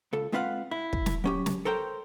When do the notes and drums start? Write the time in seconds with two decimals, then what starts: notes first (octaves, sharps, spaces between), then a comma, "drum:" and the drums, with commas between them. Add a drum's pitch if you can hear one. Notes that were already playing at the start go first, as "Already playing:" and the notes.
0.13 C#2 A4
0.32 G#3 C4 F4 B4 F5 F#5
0.71 E4
0.93 drum: kick
1.06 drum: snare
1.24 F#3 C#4 G4
1.46 drum: snare
1.65 A4 A#4 C5 C#5 G5